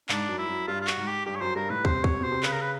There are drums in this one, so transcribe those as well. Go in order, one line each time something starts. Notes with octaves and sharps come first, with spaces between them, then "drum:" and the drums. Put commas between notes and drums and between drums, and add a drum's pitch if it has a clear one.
G#2 D4, drum: clap
F#2
E4
F#2
G2 F4
F4
F#4, drum: clap
G#2
G4
G2 G4
C#5
F#2 C5
G2 A#4
A2 B4
C3 C5, drum: kick
C#5, drum: kick
B2 C5
C3
C#3 B4, drum: clap
A#4
B4